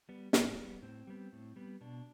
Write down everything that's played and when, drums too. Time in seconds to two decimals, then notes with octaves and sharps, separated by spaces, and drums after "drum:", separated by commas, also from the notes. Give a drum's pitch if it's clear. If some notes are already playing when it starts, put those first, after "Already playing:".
0.09 G3 B3
0.33 A2, drum: snare
0.58 G3 B3
0.82 A2 C4
1.07 G3 B3
1.32 A2
1.56 G3 B3
1.81 B2 D4